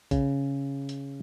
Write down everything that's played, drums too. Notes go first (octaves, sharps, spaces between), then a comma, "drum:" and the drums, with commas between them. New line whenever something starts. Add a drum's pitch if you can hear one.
C#3, drum: kick A#1, hi-hat
drum: hi-hat